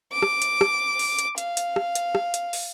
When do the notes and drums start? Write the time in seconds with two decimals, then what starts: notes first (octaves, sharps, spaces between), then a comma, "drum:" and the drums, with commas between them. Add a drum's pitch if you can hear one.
0.12 D6
0.22 drum: rim click
0.42 drum: hi-hat
0.61 drum: rim click
0.99 drum: open hi-hat
1.19 drum: hi-hat
1.38 F5, drum: hi-hat
1.57 drum: hi-hat
1.76 drum: rim click
1.95 drum: hi-hat
2.15 drum: rim click
2.34 drum: hi-hat
2.53 drum: open hi-hat